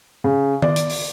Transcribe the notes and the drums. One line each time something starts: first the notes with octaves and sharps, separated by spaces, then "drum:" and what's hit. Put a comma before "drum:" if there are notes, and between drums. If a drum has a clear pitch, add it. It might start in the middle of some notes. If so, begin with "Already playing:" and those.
C#3
D5, drum: tom D#3
drum: hi-hat
drum: open hi-hat